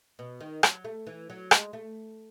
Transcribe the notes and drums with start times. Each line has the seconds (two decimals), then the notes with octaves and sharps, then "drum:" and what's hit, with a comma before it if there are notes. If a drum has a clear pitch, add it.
0.19 B2
0.40 D#3
0.63 F#3, drum: rim click
0.85 A3
1.07 E3
1.30 F#3
1.51 G#3, drum: rim click
1.73 A3